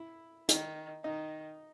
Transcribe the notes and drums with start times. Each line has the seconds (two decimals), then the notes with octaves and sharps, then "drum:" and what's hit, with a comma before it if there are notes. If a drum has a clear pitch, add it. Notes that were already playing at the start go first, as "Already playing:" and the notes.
Already playing: E4
0.49 D#3, drum: hi-hat
1.04 D#3 D#4